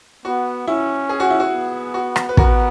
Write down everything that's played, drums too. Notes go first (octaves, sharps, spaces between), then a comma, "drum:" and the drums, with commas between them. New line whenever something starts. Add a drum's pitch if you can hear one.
B3 F#4
C#4 E4
G#4
F#4
E4
F#4
B3
F#4
drum: rim click
B4
B3 F#4 A#4, drum: kick